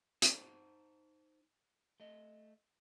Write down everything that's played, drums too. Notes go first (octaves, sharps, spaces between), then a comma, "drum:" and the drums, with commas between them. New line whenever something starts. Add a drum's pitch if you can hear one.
D#4 C5 A5, drum: hi-hat
A3 D#5